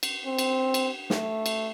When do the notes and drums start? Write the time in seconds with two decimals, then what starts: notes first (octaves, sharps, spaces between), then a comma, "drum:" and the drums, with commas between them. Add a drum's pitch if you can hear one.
0.03 drum: cymbal
0.25 C4
0.38 drum: cymbal
0.74 drum: cymbal
1.10 A3, drum: snare
1.46 drum: cymbal